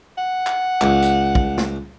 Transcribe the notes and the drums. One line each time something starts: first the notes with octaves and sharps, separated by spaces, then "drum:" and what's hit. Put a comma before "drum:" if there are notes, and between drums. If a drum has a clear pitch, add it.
F#5
drum: clap
C#2, drum: clap
drum: hi-hat
drum: kick
drum: snare